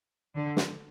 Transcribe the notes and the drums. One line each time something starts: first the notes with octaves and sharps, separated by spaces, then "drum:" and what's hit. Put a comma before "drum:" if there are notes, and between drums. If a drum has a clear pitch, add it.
D3
drum: snare